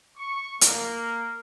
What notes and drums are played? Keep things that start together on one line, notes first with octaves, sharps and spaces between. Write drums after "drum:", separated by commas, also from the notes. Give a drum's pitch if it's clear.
C#6
A#3, drum: hi-hat